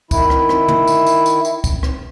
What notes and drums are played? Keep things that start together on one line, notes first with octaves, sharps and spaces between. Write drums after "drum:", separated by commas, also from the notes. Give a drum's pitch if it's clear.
D#3 E4, drum: kick, tambourine
drum: rim click
drum: rim click
drum: tom
drum: tambourine
drum: tambourine
drum: tambourine
drum: tambourine
drum: kick, tambourine
drum: rim click